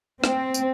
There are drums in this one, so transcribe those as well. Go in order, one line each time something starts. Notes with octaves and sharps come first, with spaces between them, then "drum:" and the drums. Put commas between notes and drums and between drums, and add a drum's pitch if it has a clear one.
C4, drum: rim click
drum: tambourine